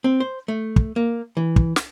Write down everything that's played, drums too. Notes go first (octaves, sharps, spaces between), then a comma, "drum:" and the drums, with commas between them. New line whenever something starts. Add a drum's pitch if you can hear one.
C4
C5
A3
drum: kick
A#3
E3
drum: kick
drum: snare